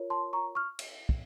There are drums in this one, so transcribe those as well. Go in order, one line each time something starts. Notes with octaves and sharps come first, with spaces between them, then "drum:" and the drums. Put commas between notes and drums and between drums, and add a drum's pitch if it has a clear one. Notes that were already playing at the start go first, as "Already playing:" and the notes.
Already playing: F4 A#4 C#5
A5 C6
A#5 C#6
C#6 F6
drum: cymbal
drum: kick